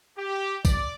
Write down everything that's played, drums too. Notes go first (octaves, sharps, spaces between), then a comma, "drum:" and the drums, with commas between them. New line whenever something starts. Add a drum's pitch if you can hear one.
G4
D5, drum: kick B1, tambourine